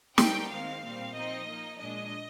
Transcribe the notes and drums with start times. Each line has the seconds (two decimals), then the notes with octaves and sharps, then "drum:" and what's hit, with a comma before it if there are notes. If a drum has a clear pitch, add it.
0.18 D3 G3 C4 D#4 G5, drum: snare
0.50 D#3 G#3 C4 F5
0.82 A#2 G3 C4
1.14 F3 C4 D#4 D#5
1.47 F3 A#3 D#4
1.78 A#2 G#3 D4 D#5